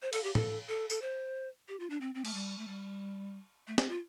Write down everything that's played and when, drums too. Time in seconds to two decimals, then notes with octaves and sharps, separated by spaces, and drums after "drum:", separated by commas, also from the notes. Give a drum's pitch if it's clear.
0.02 C5
0.13 A4, drum: cymbal
0.24 G4
0.35 A4, drum: tom
0.68 A4
0.90 A4, drum: tambourine
1.02 C5
1.68 G4
1.80 F4
1.90 D4
2.01 C4
2.15 C4
2.25 A3, drum: cymbal
2.34 G3
2.58 A3
2.67 G3
3.67 A3
3.78 C4, drum: snare
3.89 F4